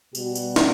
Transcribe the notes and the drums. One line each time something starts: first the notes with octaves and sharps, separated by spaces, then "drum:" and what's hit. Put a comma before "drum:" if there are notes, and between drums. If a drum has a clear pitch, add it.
B2 G3 F#4, drum: tambourine
drum: tambourine
drum: snare